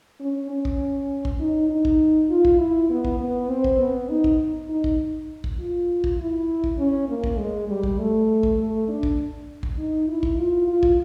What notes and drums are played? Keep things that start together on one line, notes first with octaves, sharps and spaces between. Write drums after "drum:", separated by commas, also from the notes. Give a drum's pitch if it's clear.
C#4
C#4
drum: kick
drum: kick
D#4
D#4
drum: kick
F4
drum: kick
E4
B3
drum: kick
B3
C4
drum: kick
B3
D#4
drum: kick
D#4
drum: kick
drum: kick
F4
drum: kick
E4
drum: kick
C#4
A#3
drum: kick
G#3
G3
drum: kick
A3
drum: kick
A3
D4
drum: kick
drum: kick
D#4
E4
drum: kick
F4
F4
drum: kick